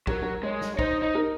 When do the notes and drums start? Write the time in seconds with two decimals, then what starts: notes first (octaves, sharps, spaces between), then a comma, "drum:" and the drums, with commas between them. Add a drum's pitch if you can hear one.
0.07 F#3 A#4, drum: kick
0.22 A#4
0.43 G#3 C#5
0.61 drum: snare
0.74 C#5
0.79 D#4 C5, drum: kick
1.02 D#4
1.15 A#4